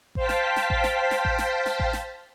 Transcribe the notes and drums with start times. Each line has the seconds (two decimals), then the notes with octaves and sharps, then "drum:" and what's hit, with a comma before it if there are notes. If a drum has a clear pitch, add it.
0.15 C5 F5 G5 A5 B6, drum: kick A1
0.29 drum: snare
0.56 drum: snare
0.70 drum: kick A1
0.84 drum: snare
1.11 drum: snare
1.25 drum: kick A1
1.38 drum: snare
1.66 drum: snare
1.80 drum: kick A1
1.93 drum: snare